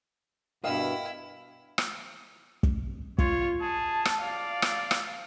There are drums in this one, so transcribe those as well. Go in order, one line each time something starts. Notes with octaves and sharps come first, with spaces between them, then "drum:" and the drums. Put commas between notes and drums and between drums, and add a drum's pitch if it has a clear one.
G2 B2 E4 A#4 D#5 F5 G5 E6
drum: rim click
drum: kick
F4 C#5, drum: kick
G#4 A5
drum: rim click
D5 F5
drum: rim click
drum: rim click